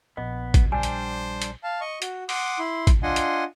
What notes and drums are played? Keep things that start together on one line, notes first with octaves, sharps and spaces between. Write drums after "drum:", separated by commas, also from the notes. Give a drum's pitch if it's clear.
A#1 B3 D#5
drum: kick, hi-hat
G3 D4 C5 G#5
drum: hi-hat
drum: hi-hat
F5 A5
D#5 C#6
F#4, drum: hi-hat
F#5 C6 D6 D#6, drum: open hi-hat
E4 C6
drum: kick, hi-hat
D4 F4 D#5 F#5 G#5 C6
drum: hi-hat